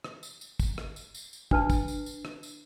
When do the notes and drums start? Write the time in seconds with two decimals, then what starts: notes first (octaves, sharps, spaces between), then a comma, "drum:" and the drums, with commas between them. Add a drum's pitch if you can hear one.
0.04 drum: rim click
0.23 drum: tambourine
0.41 drum: tambourine
0.60 drum: kick, tambourine
0.78 drum: rim click
0.96 drum: tambourine
1.15 drum: tambourine
1.33 drum: tambourine
1.51 D4 B4 A5, drum: kick
1.70 drum: kick, tambourine
1.88 drum: tambourine
2.06 drum: tambourine
2.25 drum: rim click
2.43 drum: tambourine